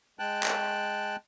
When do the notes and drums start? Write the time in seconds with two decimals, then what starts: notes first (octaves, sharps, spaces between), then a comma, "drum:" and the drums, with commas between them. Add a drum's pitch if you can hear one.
0.19 G#3 G5 A5 F#6
0.43 drum: clap